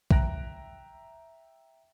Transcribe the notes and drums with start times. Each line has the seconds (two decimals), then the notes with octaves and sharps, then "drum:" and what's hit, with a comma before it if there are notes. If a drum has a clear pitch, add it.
0.11 E5 G5 A#5 F#6 A#6 D7, drum: kick